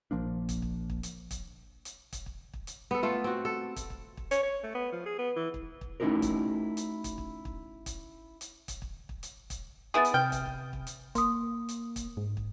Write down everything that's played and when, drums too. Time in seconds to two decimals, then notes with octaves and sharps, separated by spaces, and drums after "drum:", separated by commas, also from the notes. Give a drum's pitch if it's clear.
0.11 A#1 F3 A#3 D4
0.49 drum: kick, hi-hat
0.62 drum: kick
0.90 drum: kick
1.03 drum: hi-hat
1.31 drum: kick, hi-hat
1.85 drum: hi-hat
2.13 drum: kick, hi-hat
2.26 drum: kick
2.54 drum: kick
2.67 drum: hi-hat
2.91 B3 A4
3.03 A3 F4 A4
3.24 C4 F#4
3.45 A4
3.76 drum: kick, hi-hat
3.90 drum: kick
4.17 drum: kick
4.31 C#5, drum: hi-hat
4.43 C#5
4.63 A3
4.75 B3
4.92 F3
5.06 G#4
5.19 B3
5.36 E3
5.54 drum: kick
5.81 drum: kick
6.00 A3 C#4 D#4 E4 F#4 A#4
6.22 drum: kick, hi-hat
6.77 drum: hi-hat
7.04 drum: kick, hi-hat
7.18 drum: kick
7.45 drum: kick
7.86 drum: kick, hi-hat
8.41 drum: hi-hat
8.68 drum: kick, hi-hat
8.82 drum: kick
9.09 drum: kick
9.23 drum: hi-hat
9.50 drum: kick, hi-hat
9.94 B3 E4 G#4 D#6 A6
10.05 drum: hi-hat
10.14 C3 G5 F6
10.32 drum: kick, hi-hat
10.46 drum: kick
10.73 drum: kick
10.87 drum: hi-hat
11.15 A#3 C6 D#6, drum: kick, hi-hat
11.69 drum: hi-hat
11.96 drum: kick, hi-hat
12.17 G#2
12.37 drum: kick